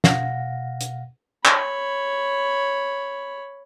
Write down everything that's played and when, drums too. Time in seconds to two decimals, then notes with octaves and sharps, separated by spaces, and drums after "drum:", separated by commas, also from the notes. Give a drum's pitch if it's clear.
0.04 B2 F5 F#5 A#6, drum: snare
0.81 drum: hi-hat
1.45 C#5 B5, drum: clap